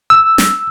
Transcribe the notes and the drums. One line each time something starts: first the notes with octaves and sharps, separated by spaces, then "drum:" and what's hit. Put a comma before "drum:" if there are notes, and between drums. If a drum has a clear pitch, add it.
E6
drum: snare